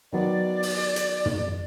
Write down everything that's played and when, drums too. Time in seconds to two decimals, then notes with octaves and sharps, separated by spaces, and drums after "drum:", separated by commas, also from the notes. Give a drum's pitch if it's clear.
0.13 D#3 F#3 B3 D5
0.63 drum: open hi-hat
0.96 drum: hi-hat
1.26 drum: tom